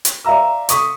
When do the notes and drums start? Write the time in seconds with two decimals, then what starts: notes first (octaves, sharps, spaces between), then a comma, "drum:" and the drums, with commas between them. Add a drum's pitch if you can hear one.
0.05 drum: hi-hat
0.25 D5 E5 F5 A#5 E6
0.69 C#6 D#6 B6, drum: hi-hat